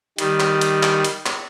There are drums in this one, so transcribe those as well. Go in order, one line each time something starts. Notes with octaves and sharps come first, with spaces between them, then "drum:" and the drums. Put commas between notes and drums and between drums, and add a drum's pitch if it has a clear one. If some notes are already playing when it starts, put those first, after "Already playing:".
D#3 G3, drum: hi-hat
drum: clap
drum: hi-hat
drum: clap
drum: hi-hat
drum: clap